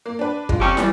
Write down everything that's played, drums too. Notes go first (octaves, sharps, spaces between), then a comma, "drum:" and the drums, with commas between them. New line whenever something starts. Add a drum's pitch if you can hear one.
A#3
D4 B4
G#3 F4, drum: kick
F2 C#4 G4
E3 G3, drum: snare